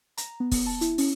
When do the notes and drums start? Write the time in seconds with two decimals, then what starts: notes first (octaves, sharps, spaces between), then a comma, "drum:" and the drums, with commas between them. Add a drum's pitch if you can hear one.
0.17 A#5, drum: hi-hat
0.40 B3
0.52 B3, drum: kick, open hi-hat
0.66 A5
0.81 E4, drum: hi-hat
0.98 C#4, drum: open hi-hat